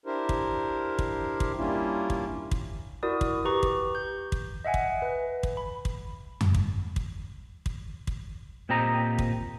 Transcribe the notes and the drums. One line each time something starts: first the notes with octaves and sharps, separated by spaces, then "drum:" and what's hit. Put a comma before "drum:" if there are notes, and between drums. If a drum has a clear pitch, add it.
D4 E4 G4 A#4 C5
drum: kick
drum: kick
drum: kick
G3 A#3 C#4 D4 E4 F4
drum: kick
drum: kick
E4 F#4 A#4 D5 D#6
drum: kick
G4 B4 A#5 C#6
drum: kick
G6
drum: kick
D#5 E5 F#5 G#5
drum: kick
B4
drum: kick
B5
drum: kick
drum: tom F2
drum: kick
drum: kick
drum: kick
drum: kick
A#2 C4 G4 D#5 A#5
drum: kick